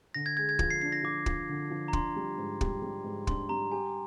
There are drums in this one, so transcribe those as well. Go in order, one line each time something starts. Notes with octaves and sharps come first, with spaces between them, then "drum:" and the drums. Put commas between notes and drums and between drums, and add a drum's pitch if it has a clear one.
D3 A#6
G#6
G#3 G#6
G#6
F3 G#6, drum: kick
C7
D4 C7
A#6
F3 D6
F3, drum: kick
D3
F3
A#5
D4 C6, drum: kick
G3
G#2
G3, drum: kick
G3
G#2
D4 C6, drum: kick
G3 A#5
G4 G#5